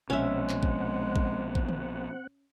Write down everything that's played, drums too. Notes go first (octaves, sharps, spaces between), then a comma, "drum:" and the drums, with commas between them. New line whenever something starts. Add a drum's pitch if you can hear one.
A#1 B2 G#3 C4 C#4 E5 F#5
drum: clap
drum: kick A1
drum: kick A1
drum: kick A1
drum: tom D3